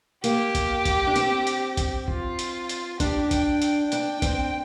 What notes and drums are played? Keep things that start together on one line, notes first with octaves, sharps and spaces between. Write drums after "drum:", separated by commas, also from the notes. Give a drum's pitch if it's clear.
A#3 G4, drum: hi-hat
drum: kick, hi-hat
drum: kick, hi-hat
D4
C4, drum: hi-hat
drum: hi-hat
drum: kick, hi-hat
F4, drum: kick
drum: hi-hat
drum: hi-hat
D4 G4, drum: kick, hi-hat
G5, drum: kick, hi-hat
G5, drum: hi-hat
D4 G5, drum: hi-hat
C4, drum: kick, hi-hat